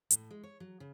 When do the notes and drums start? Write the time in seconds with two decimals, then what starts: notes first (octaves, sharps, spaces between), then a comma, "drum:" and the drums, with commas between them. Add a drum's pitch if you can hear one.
0.11 A2, drum: hi-hat
0.31 G#3
0.43 C#5
0.60 F#3
0.80 C#3